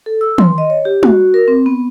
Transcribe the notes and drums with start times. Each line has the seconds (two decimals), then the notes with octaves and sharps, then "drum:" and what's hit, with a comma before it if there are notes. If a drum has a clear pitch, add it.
0.06 A4
0.21 E6
0.38 C6, drum: tom
0.58 D#5
0.70 C#5
0.85 G4
1.03 F#4, drum: tom
1.34 A#4
1.48 C4
1.66 B3